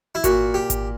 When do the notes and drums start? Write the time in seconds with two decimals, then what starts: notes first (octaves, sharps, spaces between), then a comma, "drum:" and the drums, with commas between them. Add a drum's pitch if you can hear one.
0.15 E4
0.24 A#2 F#4, drum: kick G#1, hi-hat
0.54 G4
0.70 drum: kick G#1, hi-hat